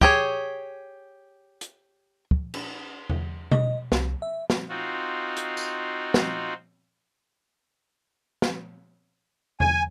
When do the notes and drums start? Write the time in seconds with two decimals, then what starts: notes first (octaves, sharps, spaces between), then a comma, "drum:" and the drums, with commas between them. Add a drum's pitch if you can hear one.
0.01 G4 G#4 C#5, drum: kick
1.61 drum: hi-hat
2.31 drum: kick
2.54 drum: cymbal
3.09 drum: tom E2
3.51 D#5, drum: tom B2
3.92 C2, drum: snare
4.22 E5
4.50 drum: snare
4.69 C4 D#4 F4 F#4
5.37 drum: hi-hat
5.57 drum: tambourine
6.14 drum: snare
8.42 drum: snare
9.60 G#5, drum: tom E2